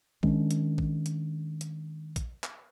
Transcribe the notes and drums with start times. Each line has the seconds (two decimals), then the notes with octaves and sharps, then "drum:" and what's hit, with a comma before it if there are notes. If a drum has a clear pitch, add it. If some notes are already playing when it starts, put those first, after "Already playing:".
0.23 D#3 G#3 C#4 D4, drum: kick
0.51 drum: hi-hat
0.78 drum: kick
1.06 drum: hi-hat
1.61 drum: hi-hat
2.16 drum: kick, hi-hat
2.44 drum: clap